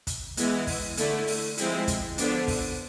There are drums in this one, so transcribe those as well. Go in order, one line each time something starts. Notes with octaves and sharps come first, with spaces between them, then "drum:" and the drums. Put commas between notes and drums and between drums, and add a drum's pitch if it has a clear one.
drum: kick, hi-hat
E3 G#3 B3 E4, drum: hi-hat
drum: kick, open hi-hat
D3 A3 E4, drum: hi-hat
drum: open hi-hat
F3 G#3 C4 E4, drum: hi-hat
drum: kick, hi-hat
D3 F3 B3 D4, drum: hi-hat
drum: kick, open hi-hat